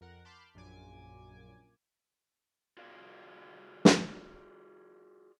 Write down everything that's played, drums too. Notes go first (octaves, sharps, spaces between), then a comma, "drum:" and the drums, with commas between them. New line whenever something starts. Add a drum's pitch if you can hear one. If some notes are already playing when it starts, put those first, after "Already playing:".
F2 A#4 F#5
A5 B5 C6 D6 F6 G6
A#1 F#2 A#2 G#5 D6
F4 F#4 G#4 D5 F5
drum: snare